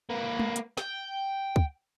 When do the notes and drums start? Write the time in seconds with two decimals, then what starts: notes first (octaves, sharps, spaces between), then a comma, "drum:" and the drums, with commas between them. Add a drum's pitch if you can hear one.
0.10 A#3 B4
0.39 drum: tom G#3
0.56 drum: hi-hat
0.77 G5, drum: snare
1.56 drum: kick